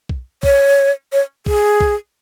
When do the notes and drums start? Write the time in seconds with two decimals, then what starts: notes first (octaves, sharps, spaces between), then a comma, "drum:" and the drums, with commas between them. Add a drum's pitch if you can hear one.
0.09 drum: kick B1
0.43 C#5, drum: kick B1
1.12 C#5
1.46 G#4, drum: kick B1
1.80 drum: kick B1